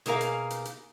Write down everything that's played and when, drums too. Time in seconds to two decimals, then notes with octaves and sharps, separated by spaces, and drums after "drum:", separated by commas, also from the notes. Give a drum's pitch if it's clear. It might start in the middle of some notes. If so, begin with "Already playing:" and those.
0.06 B2 A#3 G#4 A#4 F5, drum: hi-hat
0.21 drum: hi-hat
0.50 drum: hi-hat
0.65 drum: hi-hat